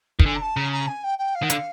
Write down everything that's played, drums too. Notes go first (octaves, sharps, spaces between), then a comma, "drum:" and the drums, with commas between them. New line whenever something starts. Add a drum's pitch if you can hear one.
D#3, drum: kick
D3 G#5
A#5
A5
C#3 A#5
A#5
G#5
G5
G5
F5
D#3 F#5
D3 F5, drum: hi-hat